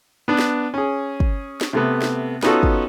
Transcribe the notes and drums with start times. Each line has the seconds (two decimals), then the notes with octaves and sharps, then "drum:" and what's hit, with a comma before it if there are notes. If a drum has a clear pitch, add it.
0.28 B3 D4
0.39 drum: snare
0.74 C#4 G#4
1.20 drum: kick
1.61 drum: snare
1.73 C3 A3 B3
2.02 drum: snare
2.43 B3 C#4 D#4 F4 F#4 A4, drum: snare
2.63 drum: kick